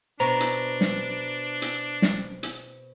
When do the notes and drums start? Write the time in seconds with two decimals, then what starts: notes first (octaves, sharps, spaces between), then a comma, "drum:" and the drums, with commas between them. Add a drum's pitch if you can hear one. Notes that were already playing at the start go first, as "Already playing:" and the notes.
0.20 B2 D4 C5 A#5
0.40 drum: hi-hat
0.81 drum: snare
1.62 drum: hi-hat
2.02 drum: snare
2.43 drum: hi-hat